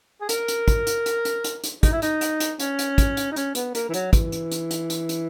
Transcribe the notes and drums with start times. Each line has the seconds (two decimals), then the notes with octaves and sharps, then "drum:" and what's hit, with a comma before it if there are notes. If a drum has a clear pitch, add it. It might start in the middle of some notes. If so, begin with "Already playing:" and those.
0.21 G#4
0.29 A#4, drum: hi-hat
0.48 drum: hi-hat
0.68 drum: kick, hi-hat
0.87 drum: hi-hat
1.06 drum: hi-hat
1.25 drum: hi-hat
1.44 drum: hi-hat
1.64 drum: hi-hat
1.83 D#4, drum: kick, hi-hat
1.92 E4
2.02 D#4, drum: hi-hat
2.21 drum: hi-hat
2.40 drum: hi-hat
2.60 C#4, drum: hi-hat
2.79 drum: hi-hat
2.98 drum: kick, hi-hat
3.17 drum: hi-hat
3.32 D#4
3.36 C#4, drum: hi-hat
3.55 B3, drum: hi-hat
3.75 A#3, drum: hi-hat
3.89 E3
3.94 F#3, drum: hi-hat
4.13 E3, drum: kick, hi-hat
4.32 drum: hi-hat
4.52 drum: hi-hat
4.71 drum: hi-hat
4.90 drum: hi-hat
5.09 drum: hi-hat